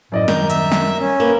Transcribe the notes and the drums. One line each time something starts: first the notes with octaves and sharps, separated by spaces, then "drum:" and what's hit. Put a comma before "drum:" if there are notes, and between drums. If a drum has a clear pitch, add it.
F#2 A2 D5 D#5
D#3 A#4 G6, drum: snare
E5, drum: hi-hat
drum: snare
C#4
A#3 B4